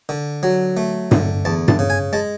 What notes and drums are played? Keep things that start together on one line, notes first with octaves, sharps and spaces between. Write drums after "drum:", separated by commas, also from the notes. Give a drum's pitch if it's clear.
D3
F#3
A3
D3, drum: tom G2
E2 A5
A5, drum: tom G2
C#3
G#5
G#3 A5